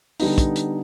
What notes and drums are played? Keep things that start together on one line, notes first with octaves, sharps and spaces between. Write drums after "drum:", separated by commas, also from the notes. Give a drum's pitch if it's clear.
D3 G3 B3 D#4, drum: open hi-hat
drum: kick, hi-hat
drum: hi-hat